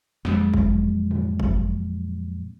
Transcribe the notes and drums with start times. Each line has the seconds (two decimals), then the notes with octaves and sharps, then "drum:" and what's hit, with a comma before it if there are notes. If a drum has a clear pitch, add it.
0.25 F2 A#2 F#3 G#3, drum: snare
0.54 drum: kick
1.11 drum: tom G#2
1.40 drum: kick